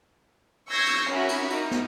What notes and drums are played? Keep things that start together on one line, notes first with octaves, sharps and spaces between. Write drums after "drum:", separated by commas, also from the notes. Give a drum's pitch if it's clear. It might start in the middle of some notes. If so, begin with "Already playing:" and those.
C#6 E6 G6 G#6 A#6 C7
drum: cymbal
C#4 F#4 A#4 E5 B5
drum: cymbal
D#4 A#4, drum: cymbal
drum: snare